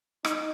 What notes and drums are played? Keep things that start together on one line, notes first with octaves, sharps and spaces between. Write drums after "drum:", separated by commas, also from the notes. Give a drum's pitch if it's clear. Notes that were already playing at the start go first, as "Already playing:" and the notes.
D#4, drum: rim click